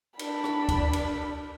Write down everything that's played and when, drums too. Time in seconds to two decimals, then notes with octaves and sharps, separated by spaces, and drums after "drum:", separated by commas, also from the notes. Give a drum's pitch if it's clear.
0.19 D4 B5, drum: cymbal
0.44 drum: rim click
0.69 drum: kick, cymbal
0.93 drum: cymbal